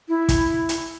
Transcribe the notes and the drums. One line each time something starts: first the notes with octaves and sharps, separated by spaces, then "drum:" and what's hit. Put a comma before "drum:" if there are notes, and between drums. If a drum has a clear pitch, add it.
E4
drum: kick, hi-hat
drum: hi-hat